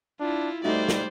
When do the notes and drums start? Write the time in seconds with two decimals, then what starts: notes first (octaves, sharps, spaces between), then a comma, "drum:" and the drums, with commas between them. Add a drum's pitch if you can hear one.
0.20 D4 E4 F4
0.64 G3 A3 D#4 F#4 C5 D5
0.89 drum: snare